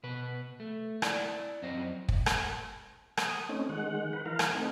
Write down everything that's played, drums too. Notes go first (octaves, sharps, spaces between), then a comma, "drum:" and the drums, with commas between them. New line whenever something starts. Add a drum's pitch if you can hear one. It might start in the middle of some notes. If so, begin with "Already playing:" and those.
B2 B4
A3
E4 D5, drum: rim click
F#2 C4 C5 D#5
drum: kick
drum: rim click
D#6, drum: rim click
A3 C4 C#4 D#4
D#3 G#3 F#5
B4 F#5
E3 A#4 F5
drum: rim click
A3 C4 D#4